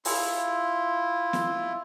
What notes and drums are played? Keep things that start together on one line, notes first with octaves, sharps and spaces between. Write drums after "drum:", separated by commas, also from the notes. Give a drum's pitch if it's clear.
E4 F4, drum: open hi-hat
drum: snare